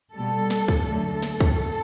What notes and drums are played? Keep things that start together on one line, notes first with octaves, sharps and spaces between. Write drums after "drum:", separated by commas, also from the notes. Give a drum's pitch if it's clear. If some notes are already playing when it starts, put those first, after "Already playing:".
B2 G3 A4
drum: snare
drum: kick
D3 F#3 A3 A4
drum: snare
drum: kick